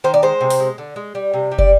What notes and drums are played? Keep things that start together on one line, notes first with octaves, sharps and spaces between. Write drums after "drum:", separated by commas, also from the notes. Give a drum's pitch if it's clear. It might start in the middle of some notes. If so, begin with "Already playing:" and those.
D#3 C5
D5
G#3 C5
C3
drum: open hi-hat
G#3
D3
G#3
G3
C3
G3
D5, drum: kick